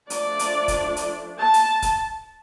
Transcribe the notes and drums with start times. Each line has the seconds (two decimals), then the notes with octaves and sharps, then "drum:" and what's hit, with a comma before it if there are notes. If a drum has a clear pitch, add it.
0.10 F3 A3 D4 D5, drum: hi-hat
0.39 drum: hi-hat
0.68 drum: kick, hi-hat
0.97 drum: hi-hat
1.40 A5
1.54 drum: hi-hat
1.82 drum: kick, hi-hat